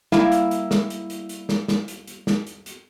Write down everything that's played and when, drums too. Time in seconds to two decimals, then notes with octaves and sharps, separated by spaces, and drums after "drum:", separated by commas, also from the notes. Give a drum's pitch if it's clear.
0.12 G3 A#3 E4 E5 F5, drum: snare
0.32 drum: hi-hat
0.51 drum: hi-hat
0.71 drum: snare
0.90 drum: hi-hat
1.10 drum: hi-hat
1.29 drum: hi-hat
1.49 drum: snare
1.68 drum: snare
1.88 drum: hi-hat
2.08 drum: hi-hat
2.27 drum: snare
2.47 drum: hi-hat
2.66 drum: hi-hat